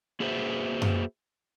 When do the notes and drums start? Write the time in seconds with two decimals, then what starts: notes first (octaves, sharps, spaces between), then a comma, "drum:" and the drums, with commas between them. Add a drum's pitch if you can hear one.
0.20 A#3 F#4 G#4 B4 C5 E5
0.82 drum: tom F#2